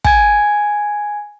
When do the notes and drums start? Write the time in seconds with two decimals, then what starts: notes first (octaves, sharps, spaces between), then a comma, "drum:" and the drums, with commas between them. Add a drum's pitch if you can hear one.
0.05 G#5 G#6, drum: kick